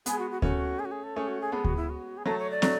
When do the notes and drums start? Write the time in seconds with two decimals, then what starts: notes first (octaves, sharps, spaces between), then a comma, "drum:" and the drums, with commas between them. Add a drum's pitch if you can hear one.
0.06 G#3 B3 G#4, drum: hi-hat
0.19 F#4
0.31 F#4
0.42 A3 C#4 F#4, drum: kick D2
0.79 G#4
0.85 F#4
0.91 G#4
1.03 A4
1.16 A3 C#4 G#4
1.28 F#4
1.41 G#4
1.52 G#3 B3 A4
1.65 F#4, drum: kick D2
1.77 E4
1.89 F#4
2.18 G#4
2.26 F#3 A3 A4
2.39 C#5
2.51 D5
2.62 F#3 A3, drum: snare